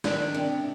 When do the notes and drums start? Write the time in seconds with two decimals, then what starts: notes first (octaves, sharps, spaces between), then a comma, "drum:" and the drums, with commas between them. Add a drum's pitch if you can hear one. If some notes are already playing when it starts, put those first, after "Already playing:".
0.04 D#3 D4, drum: snare
0.34 C3